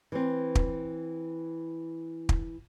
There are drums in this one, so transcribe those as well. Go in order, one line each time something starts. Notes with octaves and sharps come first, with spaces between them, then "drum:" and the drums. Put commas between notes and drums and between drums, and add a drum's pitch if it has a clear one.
E3 C4
drum: kick
drum: kick